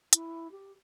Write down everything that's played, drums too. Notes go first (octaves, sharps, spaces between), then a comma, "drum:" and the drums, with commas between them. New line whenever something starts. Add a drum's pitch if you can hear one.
E4, drum: hi-hat
G4